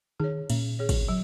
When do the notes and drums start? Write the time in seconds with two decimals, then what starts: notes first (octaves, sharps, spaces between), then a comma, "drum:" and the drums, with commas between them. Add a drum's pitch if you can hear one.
0.20 D#3 G#4 C#5
0.50 A#2 C#4, drum: cymbal
0.79 G#4 C#5
0.89 drum: kick, cymbal
1.08 F#3